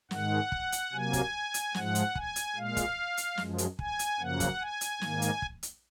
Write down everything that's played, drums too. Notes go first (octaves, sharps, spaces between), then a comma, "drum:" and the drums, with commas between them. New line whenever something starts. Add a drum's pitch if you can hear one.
G#2 D#3 G#3 F#5, drum: snare
drum: kick
drum: hi-hat
C3 F#3 A#3 G#5
drum: kick, hi-hat
drum: hi-hat
G#2 F3 G#3 F#5, drum: snare
drum: hi-hat
G#5, drum: kick
drum: hi-hat
A#2 G#3 F5
drum: kick, hi-hat
drum: hi-hat
F#2 F3 G#3, drum: snare
drum: hi-hat
G#5, drum: kick
drum: hi-hat
F#2 C#3 F3 A#3 F#5
drum: kick, hi-hat
G#5
drum: hi-hat
G#2 D#3 A#3, drum: snare
drum: hi-hat
drum: kick
drum: hi-hat